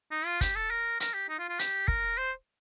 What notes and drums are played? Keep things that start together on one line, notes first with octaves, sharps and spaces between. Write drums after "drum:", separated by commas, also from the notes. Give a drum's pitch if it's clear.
D#4
F4
G4, drum: kick, hi-hat
A4
A#4
A#4, drum: hi-hat
G4
D#4
F4
F4
G4, drum: hi-hat
A#4, drum: kick
C5